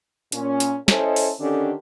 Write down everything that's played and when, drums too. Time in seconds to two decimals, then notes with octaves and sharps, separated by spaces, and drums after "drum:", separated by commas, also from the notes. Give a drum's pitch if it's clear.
0.32 A#2 C#4, drum: hi-hat
0.60 drum: hi-hat
0.88 C#4 E4 A4 C5 D#5, drum: snare
1.16 drum: open hi-hat
1.40 D3 D#3 C#4 D4 G4 A4